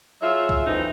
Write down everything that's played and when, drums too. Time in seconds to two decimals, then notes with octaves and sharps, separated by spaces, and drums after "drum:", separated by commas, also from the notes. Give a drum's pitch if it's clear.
0.22 F#3 F4 G#4 E5
0.49 drum: kick C2
0.66 E2 A2 C#3 E3 C4 D#4